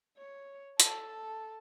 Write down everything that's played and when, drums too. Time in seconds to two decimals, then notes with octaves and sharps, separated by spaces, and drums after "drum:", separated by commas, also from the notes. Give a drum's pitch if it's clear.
0.18 C#5
0.80 A4 A5, drum: hi-hat